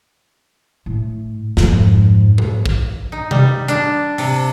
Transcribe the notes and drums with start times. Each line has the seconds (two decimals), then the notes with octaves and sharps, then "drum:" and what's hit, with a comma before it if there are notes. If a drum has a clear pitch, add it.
0.86 A2
1.57 F2 G#2, drum: snare
2.38 drum: tom G#2
2.66 drum: kick
3.12 D#4
3.31 G3, drum: tom C3
3.68 D4, drum: hi-hat
4.18 C3, drum: open hi-hat